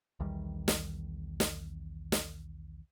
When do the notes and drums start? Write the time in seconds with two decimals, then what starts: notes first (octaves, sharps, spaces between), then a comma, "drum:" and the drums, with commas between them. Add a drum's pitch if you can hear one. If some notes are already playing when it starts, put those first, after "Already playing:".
0.20 B1 E2 D#3 G3
0.68 drum: snare
1.40 drum: snare
2.12 drum: snare